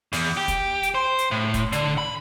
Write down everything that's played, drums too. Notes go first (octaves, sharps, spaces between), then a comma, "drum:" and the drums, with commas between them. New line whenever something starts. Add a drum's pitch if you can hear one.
E2, drum: open hi-hat
G4
drum: kick, hi-hat
drum: hi-hat
C5
drum: hi-hat
A2
drum: kick, hi-hat
D3, drum: hi-hat
B5